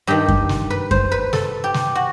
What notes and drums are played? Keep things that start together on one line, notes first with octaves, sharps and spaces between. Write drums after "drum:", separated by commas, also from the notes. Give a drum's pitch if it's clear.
G2 D#3 G4
drum: kick F#2
drum: snare
B4
C5, drum: kick F#2
B4
A4, drum: snare
G4
drum: snare
F#4